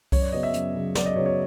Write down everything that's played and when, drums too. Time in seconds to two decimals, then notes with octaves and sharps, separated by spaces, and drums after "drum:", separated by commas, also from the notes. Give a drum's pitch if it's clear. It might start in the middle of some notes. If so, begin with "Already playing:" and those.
0.12 F#2 C#5, drum: kick C2, open hi-hat
0.22 D5
0.32 C#3 F#3 B3 D#5
0.43 E5
0.54 F#2, drum: hi-hat
0.75 C#3 F#3 B3
0.95 F#2 D5, drum: snare
1.06 D#5
1.16 C#3 F#3 B3 C#5
1.26 C#5